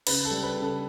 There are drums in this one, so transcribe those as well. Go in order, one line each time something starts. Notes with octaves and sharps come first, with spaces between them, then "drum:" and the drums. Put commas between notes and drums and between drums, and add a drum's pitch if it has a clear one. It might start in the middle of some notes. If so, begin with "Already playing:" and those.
C#3 B4, drum: cymbal
A4
G3
B4
C#3
A4